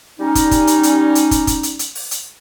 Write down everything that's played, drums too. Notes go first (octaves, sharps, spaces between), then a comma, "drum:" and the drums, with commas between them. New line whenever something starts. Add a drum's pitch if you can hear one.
G3 C#4 D#4
drum: kick, hi-hat
drum: kick, hi-hat
drum: hi-hat
drum: hi-hat
drum: hi-hat
drum: kick, hi-hat
drum: kick, hi-hat
drum: hi-hat
drum: hi-hat
drum: open hi-hat
drum: hi-hat